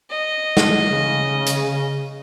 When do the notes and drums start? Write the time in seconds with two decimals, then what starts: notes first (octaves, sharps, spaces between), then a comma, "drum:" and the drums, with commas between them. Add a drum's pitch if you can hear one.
0.10 D#5
0.57 drum: snare
0.86 C#3
1.46 drum: hi-hat